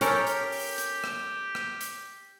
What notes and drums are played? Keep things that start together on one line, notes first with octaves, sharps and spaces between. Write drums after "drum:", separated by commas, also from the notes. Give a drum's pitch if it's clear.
C#4 G4 A4 A#4, drum: hi-hat
drum: hi-hat
drum: open hi-hat
drum: hi-hat
drum: rim click
drum: rim click
drum: hi-hat